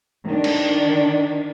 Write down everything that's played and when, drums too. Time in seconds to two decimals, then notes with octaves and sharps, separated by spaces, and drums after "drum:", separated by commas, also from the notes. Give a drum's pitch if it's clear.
0.24 D#3 D4
0.44 drum: cymbal